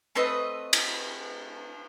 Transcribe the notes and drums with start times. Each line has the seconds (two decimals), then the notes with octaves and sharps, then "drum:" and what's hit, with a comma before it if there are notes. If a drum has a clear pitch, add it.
0.15 A3 C4 B4 D#5
0.73 drum: cymbal